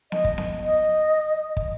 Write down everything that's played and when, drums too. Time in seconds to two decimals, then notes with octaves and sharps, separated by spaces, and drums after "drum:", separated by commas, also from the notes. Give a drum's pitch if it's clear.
0.12 D#5, drum: snare B3
0.25 drum: kick
0.38 drum: snare B3
0.64 D#5
1.57 drum: kick